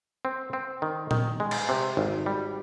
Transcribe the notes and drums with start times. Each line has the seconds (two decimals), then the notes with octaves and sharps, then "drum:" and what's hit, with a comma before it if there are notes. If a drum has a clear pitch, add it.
0.25 C4
0.53 C4
0.82 D#3
1.11 D#3, drum: tom A#2
1.40 G#3
1.51 drum: cymbal
1.69 C3
1.97 G#1
2.26 G3